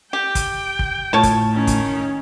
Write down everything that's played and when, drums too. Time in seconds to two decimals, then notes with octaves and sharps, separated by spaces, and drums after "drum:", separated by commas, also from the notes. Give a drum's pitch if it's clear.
0.13 G4 G5
0.35 drum: kick, hi-hat
0.79 drum: kick
1.13 A2 F4 C#5 A5
1.23 drum: kick, hi-hat
1.52 D#3 C#4
1.67 drum: kick, hi-hat